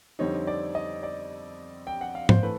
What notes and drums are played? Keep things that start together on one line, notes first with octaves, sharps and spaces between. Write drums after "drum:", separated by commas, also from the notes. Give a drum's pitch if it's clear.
F2 D3 G3 C4 D#4 C#5
D5
D#5
D5
G5
F#5
F5
C5, drum: tom G#2
E3 A3 B4